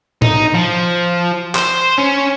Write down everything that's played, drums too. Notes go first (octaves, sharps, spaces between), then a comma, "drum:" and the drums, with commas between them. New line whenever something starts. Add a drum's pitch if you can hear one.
D#4, drum: tom A2
F3
C5, drum: clap
C#4